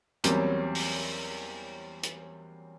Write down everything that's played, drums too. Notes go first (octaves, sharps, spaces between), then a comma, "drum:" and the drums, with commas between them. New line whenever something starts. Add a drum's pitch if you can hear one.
E2 F#3 G3 A#3 C4 C#4, drum: hi-hat
drum: open hi-hat
drum: hi-hat